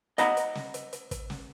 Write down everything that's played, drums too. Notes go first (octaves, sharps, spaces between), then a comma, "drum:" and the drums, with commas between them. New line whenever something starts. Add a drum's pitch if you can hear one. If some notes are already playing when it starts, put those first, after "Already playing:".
D#5 F#5 A#5 B5, drum: hi-hat
drum: hi-hat
drum: snare
drum: hi-hat
drum: hi-hat
drum: kick, hi-hat
drum: snare